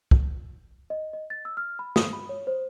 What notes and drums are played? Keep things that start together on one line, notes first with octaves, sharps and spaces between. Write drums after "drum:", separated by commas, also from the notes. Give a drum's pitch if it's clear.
drum: kick
D#5
D#5
A6
E6
F6
B5
D#6, drum: snare
B5
C#5
C5